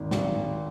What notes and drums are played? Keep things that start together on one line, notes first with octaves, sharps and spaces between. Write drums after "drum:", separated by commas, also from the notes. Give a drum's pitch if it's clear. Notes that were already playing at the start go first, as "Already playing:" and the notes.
Already playing: G#1 D#2 D#3
G#1, drum: snare